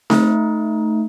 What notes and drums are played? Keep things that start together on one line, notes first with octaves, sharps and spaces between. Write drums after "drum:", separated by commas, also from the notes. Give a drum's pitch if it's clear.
A3 D#4, drum: snare C4